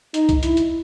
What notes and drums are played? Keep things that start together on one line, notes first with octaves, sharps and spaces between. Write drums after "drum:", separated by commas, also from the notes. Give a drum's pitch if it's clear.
D#4, drum: hi-hat
drum: kick C2, hi-hat
E4, drum: hi-hat
drum: hi-hat